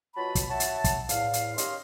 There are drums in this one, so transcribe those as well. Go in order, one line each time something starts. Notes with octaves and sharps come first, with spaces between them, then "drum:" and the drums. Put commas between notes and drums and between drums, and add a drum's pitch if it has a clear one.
B2 F#3 F4 A5 B5
drum: kick, hi-hat
F#4 C#5 E5 F#5 A5
drum: hi-hat
drum: kick, hi-hat
E2 A2 F5, drum: hi-hat
drum: hi-hat
D#3 C#4 G4 D#5 F5 C6, drum: hi-hat